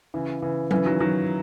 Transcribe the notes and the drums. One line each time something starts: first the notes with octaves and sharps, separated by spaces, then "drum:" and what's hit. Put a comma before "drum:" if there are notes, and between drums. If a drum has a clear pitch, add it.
C#3 E3
C#3 E3
C#3 E3, drum: tom F#3
D#3 F#3
D#3 F#3